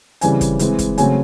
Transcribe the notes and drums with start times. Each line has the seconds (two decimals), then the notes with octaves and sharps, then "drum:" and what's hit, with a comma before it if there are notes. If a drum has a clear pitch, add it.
0.21 C#3 E3 G3 C4 G#5, drum: hi-hat
0.41 drum: kick, hi-hat
0.59 E3 G#3 C4, drum: hi-hat
0.79 drum: kick, hi-hat
0.98 C#3 F#3 A3 C4 G#5, drum: hi-hat